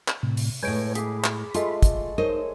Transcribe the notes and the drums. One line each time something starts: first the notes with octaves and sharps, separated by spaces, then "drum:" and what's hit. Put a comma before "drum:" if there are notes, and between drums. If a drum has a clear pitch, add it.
drum: clap
A2 C3
drum: open hi-hat
A2 G#3 B4 C#5 G#5 G6 D7
G#4 B5 D6, drum: hi-hat
drum: clap
G#3 A3 F4 A4, drum: hi-hat
drum: kick, hi-hat
D#4 A#4 C5 C#5 D#5